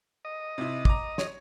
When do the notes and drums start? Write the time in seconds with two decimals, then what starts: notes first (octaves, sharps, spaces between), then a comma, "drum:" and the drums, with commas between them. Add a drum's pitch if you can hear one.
0.25 D#5
0.58 C3 E4
0.85 A#5 D6, drum: kick
1.18 C#5, drum: snare